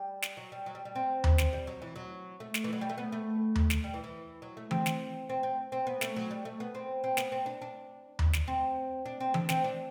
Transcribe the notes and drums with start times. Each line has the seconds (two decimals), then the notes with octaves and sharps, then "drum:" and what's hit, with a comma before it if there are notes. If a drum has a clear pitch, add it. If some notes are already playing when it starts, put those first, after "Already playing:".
Already playing: G3
0.22 drum: snare
0.37 F#3
0.52 G3
0.66 F#3
0.75 G3
0.85 G3
0.95 C4
1.24 drum: tom D#2
1.38 drum: snare
1.53 G3
1.67 F#3
1.82 E3
1.96 F#3
2.40 A3
2.54 drum: snare
2.64 E3
2.73 F#3
2.81 G3
2.89 A3
2.98 B3
3.12 A3
3.55 drum: tom D#2
3.70 drum: snare
3.84 G3
3.94 E3
4.04 E3
4.42 F#3
4.57 A3
4.71 C4, drum: tom E3
4.86 drum: snare
5.29 C4
5.43 C4
5.72 C4
5.87 B3
6.01 A3, drum: snare
6.16 F#3
6.31 G3
6.45 A3
6.60 B3
6.75 C4
7.04 C4
7.17 B3, drum: snare
7.32 C4
7.46 D4
7.62 D4
8.19 drum: tom D#2
8.33 drum: snare
8.48 C4
9.05 D4
9.20 C4
9.34 D4, drum: tom E3
9.49 C4, drum: snare
9.64 D4